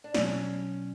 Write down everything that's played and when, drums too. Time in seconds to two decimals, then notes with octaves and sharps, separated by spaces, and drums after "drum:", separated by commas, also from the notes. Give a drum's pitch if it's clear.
0.04 D4
0.14 B2 F#3 B3 C#4 D4, drum: snare